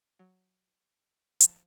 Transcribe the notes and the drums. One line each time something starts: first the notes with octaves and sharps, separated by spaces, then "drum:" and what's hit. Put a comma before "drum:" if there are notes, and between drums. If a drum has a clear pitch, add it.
F#3
F3, drum: hi-hat